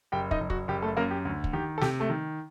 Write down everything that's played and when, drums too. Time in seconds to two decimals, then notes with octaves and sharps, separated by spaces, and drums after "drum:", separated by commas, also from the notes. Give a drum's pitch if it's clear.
0.12 F#1 G4 G5
0.31 D#4 D#5, drum: kick
0.40 F#1
0.50 F#4, drum: kick
0.68 F#1 G4
0.82 A3 A4
0.97 F#2 A#3 A#4
1.11 G4
1.25 D2
1.44 drum: kick
1.53 D#3 G4
1.78 A4
1.81 C3 G4, drum: snare
2.00 A3 A4
2.10 D#3